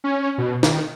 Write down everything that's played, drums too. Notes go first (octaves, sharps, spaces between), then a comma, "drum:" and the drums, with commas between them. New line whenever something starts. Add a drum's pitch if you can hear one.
C#4
B2
D#3, drum: snare